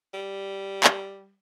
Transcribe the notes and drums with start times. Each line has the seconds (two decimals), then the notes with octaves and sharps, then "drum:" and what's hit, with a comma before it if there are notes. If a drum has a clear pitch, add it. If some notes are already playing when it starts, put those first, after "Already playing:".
0.14 G3
0.84 drum: clap